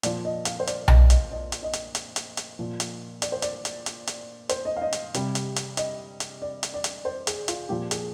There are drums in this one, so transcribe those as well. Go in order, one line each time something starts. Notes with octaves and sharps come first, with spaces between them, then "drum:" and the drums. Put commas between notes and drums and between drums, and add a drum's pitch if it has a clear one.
A#2 F3 D5, drum: hi-hat
D#5
F5, drum: hi-hat
C5
D5, drum: hi-hat
D#5, drum: tom B1
D#5, drum: hi-hat
D#5
drum: hi-hat
D#5
drum: hi-hat
drum: hi-hat
drum: hi-hat
drum: hi-hat
A#2 F3
drum: hi-hat
D5, drum: hi-hat
C5
D5, drum: hi-hat
drum: hi-hat
drum: hi-hat
drum: hi-hat
C5, drum: hi-hat
D#5
F5
D#5
drum: hi-hat
C3 G3, drum: hi-hat
drum: hi-hat
drum: hi-hat
D#5, drum: hi-hat
drum: hi-hat
D5
drum: hi-hat
D5
drum: hi-hat
C5
G#4, drum: hi-hat
F4, drum: hi-hat
A#2 F3 G4
G#4, drum: hi-hat